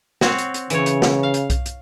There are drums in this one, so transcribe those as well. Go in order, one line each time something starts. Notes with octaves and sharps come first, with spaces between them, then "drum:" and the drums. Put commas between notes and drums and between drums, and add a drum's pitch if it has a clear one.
C4 F#4 C#5, drum: snare
drum: hi-hat
drum: hi-hat
C#3 E3 C#5, drum: hi-hat
drum: hi-hat
drum: snare
F5
drum: hi-hat
drum: kick B1, hi-hat
drum: hi-hat